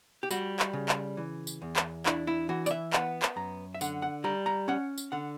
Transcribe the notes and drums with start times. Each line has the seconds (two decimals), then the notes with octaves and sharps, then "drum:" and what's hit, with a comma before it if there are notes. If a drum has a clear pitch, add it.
0.23 G4
0.31 G3 F#4, drum: tambourine
0.59 drum: clap
0.73 C#3
0.89 drum: clap
1.17 E3
1.47 drum: tambourine
1.62 E2
1.76 drum: clap
2.06 D4 E4, drum: clap
2.27 E4
2.49 E3 F#4
2.66 D5, drum: tambourine
2.71 E5
2.93 B3 F#5, drum: clap
3.22 drum: clap
3.36 F#2 A#5
3.75 E5
3.81 D3 F#5, drum: tambourine
4.02 F#5
4.24 G3 A#5
4.46 A#5
4.68 C#4 F#5
4.98 drum: tambourine
5.12 D3 F#5